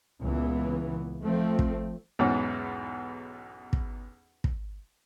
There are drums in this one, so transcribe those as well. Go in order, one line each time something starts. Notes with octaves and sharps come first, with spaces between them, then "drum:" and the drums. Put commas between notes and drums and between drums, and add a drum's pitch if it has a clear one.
C#2 A#2 E3 B3
F3 A3 C4
drum: kick
B1 E2 G#2 C#4
drum: kick
drum: kick